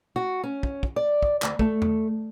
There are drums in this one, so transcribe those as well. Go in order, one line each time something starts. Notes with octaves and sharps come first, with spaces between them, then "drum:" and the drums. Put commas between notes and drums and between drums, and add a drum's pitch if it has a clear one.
F#4
C#4
drum: kick
drum: kick
D5
drum: kick
D2, drum: clap
A3, drum: kick
drum: tom E2